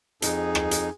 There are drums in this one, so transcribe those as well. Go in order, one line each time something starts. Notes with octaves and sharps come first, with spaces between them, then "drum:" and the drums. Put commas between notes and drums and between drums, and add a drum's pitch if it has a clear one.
F2 D#4 G#4, drum: hi-hat
drum: rim click
drum: hi-hat